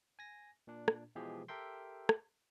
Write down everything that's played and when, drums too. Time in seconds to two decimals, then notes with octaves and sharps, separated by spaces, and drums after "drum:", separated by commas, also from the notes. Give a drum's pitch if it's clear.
0.19 G#5 A#6
0.67 A#2 D4
0.88 drum: rim click
1.15 B2 E3 F3 G#3 G4 G#4
1.48 G4 A4 A#4 E5 G5 C6
2.09 drum: rim click